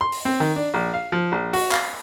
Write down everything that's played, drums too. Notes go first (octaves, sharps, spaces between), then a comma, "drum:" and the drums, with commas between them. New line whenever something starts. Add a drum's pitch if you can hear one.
C6
drum: open hi-hat
C4
D#3
D4
A#1
F5
F3
A#1
F#4, drum: open hi-hat
F5, drum: clap